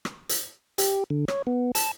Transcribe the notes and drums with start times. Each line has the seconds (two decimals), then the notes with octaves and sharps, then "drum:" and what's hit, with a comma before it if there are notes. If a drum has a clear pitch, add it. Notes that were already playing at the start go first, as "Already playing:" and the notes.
0.05 drum: rim click
0.29 drum: hi-hat
0.78 G4, drum: hi-hat
1.10 D3
1.28 C#5, drum: rim click
1.47 B3
1.75 A5, drum: hi-hat